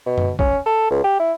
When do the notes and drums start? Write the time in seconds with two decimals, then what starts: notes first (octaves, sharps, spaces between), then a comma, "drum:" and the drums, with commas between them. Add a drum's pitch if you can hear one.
0.06 B2
0.18 drum: tom
0.39 C#4, drum: kick
0.66 A4
0.90 C#2
1.04 G4
1.20 E4